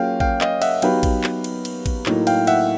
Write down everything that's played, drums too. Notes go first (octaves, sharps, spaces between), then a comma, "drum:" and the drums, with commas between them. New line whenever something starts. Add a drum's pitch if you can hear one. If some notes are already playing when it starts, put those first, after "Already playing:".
Already playing: F#3 A#3 C#4 F4 G#4 F5 G5
F5 G5, drum: kick A1
D#5 F5, drum: clap
E5 F#5, drum: cymbal
F#3 B3 D#4 G4 B4 F5 G5, drum: cymbal
drum: kick A1, cymbal
drum: clap
drum: cymbal
drum: cymbal
drum: kick A1, cymbal
A2 F#3 A#3 D#4, drum: clap
F5 G5, drum: cymbal
E5 F#5, drum: cymbal